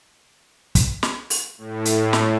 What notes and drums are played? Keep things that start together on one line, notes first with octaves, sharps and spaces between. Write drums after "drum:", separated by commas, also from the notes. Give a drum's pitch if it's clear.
drum: kick, hi-hat
drum: snare
drum: open hi-hat
A2
drum: hi-hat
drum: snare